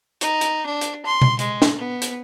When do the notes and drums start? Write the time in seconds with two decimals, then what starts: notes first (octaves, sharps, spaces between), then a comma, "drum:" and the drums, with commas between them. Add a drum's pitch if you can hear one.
0.21 D#4, drum: hi-hat
0.41 drum: hi-hat
0.66 D4
0.81 drum: hi-hat
1.05 C6
1.22 drum: tom B2
1.39 G#3, drum: hi-hat
1.62 drum: snare
1.78 B3
2.02 drum: hi-hat